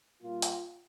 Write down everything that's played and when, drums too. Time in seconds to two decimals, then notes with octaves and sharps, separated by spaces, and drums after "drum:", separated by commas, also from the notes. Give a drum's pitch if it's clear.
0.23 A#2 G3 A#3 F4
0.42 drum: hi-hat